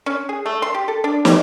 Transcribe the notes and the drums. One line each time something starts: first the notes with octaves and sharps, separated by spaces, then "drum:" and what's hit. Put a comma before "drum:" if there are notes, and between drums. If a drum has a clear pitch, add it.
C#4
G#4
A3
C6
G4
A4
D4
G3, drum: snare